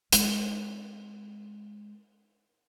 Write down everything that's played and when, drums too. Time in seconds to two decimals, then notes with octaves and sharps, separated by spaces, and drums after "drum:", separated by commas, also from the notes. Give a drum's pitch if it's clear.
0.13 G#3 C4, drum: hi-hat